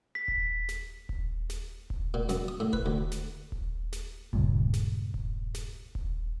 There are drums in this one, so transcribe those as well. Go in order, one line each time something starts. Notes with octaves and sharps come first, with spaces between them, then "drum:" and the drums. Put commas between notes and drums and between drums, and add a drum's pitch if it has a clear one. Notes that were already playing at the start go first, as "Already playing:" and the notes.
B6
drum: kick D#1
drum: snare
drum: kick D#1
drum: snare
drum: kick D#1
A#2
F#2, drum: snare
D#6
A2
B4, drum: kick D#1
D2
drum: snare
drum: kick D#1
drum: snare
C#2 G2 A#2, drum: kick D#1
drum: snare
drum: kick D#1
drum: snare
drum: kick D#1